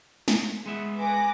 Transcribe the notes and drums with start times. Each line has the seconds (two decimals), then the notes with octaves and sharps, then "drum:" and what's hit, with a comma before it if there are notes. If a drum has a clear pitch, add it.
0.28 drum: snare
0.66 G#3 B3 E5
0.99 B4 G#5 D6 A#6